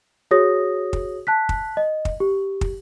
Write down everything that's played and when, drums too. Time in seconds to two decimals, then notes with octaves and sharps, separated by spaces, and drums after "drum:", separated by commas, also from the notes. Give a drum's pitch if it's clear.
0.31 F#4 G#4 C#5 D#6 A#6
0.93 drum: kick
1.27 A5 F#6 B6
1.49 drum: kick
1.77 D#5
2.05 drum: kick
2.20 G4
2.61 drum: kick